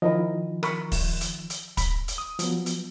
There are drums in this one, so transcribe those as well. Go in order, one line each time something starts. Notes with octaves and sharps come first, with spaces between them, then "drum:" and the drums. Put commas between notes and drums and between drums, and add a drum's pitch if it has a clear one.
D#3 F3 E4 A#4 D#5
A#4 B5 C#6, drum: rim click
drum: kick, open hi-hat
drum: hi-hat
drum: hi-hat
B5, drum: kick, hi-hat
drum: hi-hat
D#6
F3 F#3 B3, drum: hi-hat
drum: hi-hat